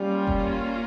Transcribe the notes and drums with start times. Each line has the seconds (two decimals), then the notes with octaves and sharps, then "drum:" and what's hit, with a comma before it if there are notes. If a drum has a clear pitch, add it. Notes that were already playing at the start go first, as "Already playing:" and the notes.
Already playing: G3 A#3 C#4 F4
0.27 drum: kick F#1